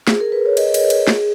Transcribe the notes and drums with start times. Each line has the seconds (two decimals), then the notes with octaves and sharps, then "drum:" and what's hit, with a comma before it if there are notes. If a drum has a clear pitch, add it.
0.07 G#4, drum: snare
0.20 A#4
0.32 B4
0.46 C#5
0.57 D#5, drum: cymbal
0.74 C#5, drum: cymbal
0.90 D#5, drum: cymbal
1.07 G#4, drum: snare